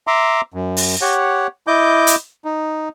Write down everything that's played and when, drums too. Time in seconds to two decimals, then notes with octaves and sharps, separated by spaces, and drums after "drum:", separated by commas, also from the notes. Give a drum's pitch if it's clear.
0.07 E5 A#5 C6 D6
0.54 F#2
0.77 drum: open hi-hat
1.01 G4 C#5 F#5
1.67 E4 D#5 D6 G6
2.07 drum: hi-hat
2.45 D#4